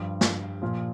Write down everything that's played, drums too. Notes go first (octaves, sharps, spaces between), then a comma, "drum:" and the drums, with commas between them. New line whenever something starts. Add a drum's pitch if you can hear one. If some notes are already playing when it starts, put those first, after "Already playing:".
Already playing: G2 F3
drum: snare
A#2 F3